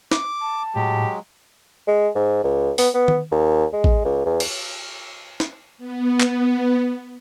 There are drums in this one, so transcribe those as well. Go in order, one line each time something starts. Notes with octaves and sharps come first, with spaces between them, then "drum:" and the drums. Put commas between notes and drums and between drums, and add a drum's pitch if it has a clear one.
D6, drum: snare
A5
A2 F#3 G#3 G4
G#3
G#2
C#2
B3, drum: open hi-hat
B3
drum: tom D#3
D#2
G#3
drum: kick A1
C#2
E2
drum: cymbal
drum: snare
B3
drum: clap